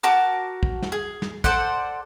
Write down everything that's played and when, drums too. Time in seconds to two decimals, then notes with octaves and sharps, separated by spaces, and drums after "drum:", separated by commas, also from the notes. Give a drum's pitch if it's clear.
0.03 F#4 A#4 A5 D6
0.63 drum: kick
0.82 drum: snare
0.92 G#4
1.22 drum: snare
1.44 A4 C5 D5 F#5, drum: kick